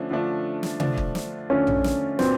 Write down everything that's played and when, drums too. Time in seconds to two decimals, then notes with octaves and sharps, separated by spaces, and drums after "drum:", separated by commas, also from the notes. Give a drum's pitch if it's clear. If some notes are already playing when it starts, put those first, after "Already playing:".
Already playing: D3 F3 A3 C#4 D4
0.11 D3 F3 A3 D4 F4
0.63 drum: snare
0.80 D3 F3 A3 D4 F4, drum: tom C3
0.98 drum: kick
1.15 drum: snare
1.50 D3 F3 A3 C#4 D4 F4
1.67 drum: tom A#1
1.84 drum: snare
2.19 A#2 F#3 B3 C4 D4, drum: snare